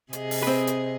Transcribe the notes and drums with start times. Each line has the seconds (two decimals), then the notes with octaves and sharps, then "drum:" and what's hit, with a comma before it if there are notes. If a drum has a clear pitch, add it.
0.13 C3 G#4 D#5, drum: hi-hat
0.31 drum: open hi-hat
0.43 C4 B4
0.67 drum: hi-hat